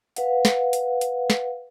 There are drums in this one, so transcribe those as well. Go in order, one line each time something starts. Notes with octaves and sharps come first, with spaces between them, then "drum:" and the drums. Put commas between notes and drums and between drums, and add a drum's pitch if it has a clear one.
B4 F5 F#5, drum: hi-hat
drum: snare
drum: hi-hat
drum: hi-hat
drum: snare